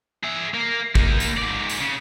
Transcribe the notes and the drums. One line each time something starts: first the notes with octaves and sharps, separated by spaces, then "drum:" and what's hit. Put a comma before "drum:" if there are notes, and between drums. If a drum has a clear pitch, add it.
G#4 E5
A#3
A#3 D#4, drum: kick
drum: tambourine
G#2 D5
drum: tambourine
C#3